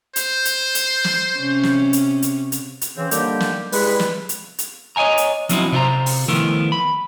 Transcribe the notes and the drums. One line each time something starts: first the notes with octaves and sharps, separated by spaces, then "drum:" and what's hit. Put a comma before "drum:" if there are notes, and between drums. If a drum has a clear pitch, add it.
C5, drum: hi-hat
drum: hi-hat
drum: hi-hat
drum: snare
C3 C#4
drum: snare
drum: hi-hat
drum: hi-hat
drum: hi-hat
drum: hi-hat
C#3 E3 C4
D3 D#3 G3 A#3 G4, drum: hi-hat
drum: snare
E3 G3 G#3 G#4 B4, drum: open hi-hat
drum: snare
drum: hi-hat
drum: hi-hat
C#5 D#5 F#5 G#5 A#5
drum: hi-hat
F3 F#3 C4 D#4 E4 F#4, drum: hi-hat
C3 E4 F4 C5 A#5
drum: open hi-hat
D#3 F3 A3 B3 E4 A#4
B5